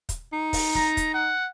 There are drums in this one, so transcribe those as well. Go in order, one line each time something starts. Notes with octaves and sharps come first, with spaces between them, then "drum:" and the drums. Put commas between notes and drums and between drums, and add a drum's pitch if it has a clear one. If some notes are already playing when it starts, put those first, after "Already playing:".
drum: kick, hi-hat
D#4
drum: kick, open hi-hat
A#5, drum: snare
drum: kick, hi-hat
F#5